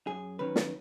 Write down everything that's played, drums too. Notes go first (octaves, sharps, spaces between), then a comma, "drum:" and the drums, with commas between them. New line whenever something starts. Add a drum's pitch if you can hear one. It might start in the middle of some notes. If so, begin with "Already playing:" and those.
F#2 G#4
D#3 F#3 C#4 B4
drum: snare